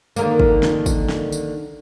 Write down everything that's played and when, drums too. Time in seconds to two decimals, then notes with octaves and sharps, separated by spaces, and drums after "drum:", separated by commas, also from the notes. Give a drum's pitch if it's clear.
0.16 D3 D#3 A#3, drum: tambourine
0.40 drum: kick
0.63 drum: snare
0.86 drum: kick, tambourine
1.09 drum: snare
1.32 drum: tambourine